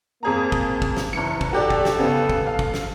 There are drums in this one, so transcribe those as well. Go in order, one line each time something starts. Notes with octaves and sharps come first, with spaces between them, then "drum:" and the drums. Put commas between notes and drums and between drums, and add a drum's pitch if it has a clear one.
F2 A#3 G#4 A#5
drum: kick
drum: kick
drum: snare
F#1 E3 C#7
drum: kick
F#4 G4 A4 D5
drum: kick
drum: snare
C#3 B3
drum: kick
F5
drum: kick
drum: snare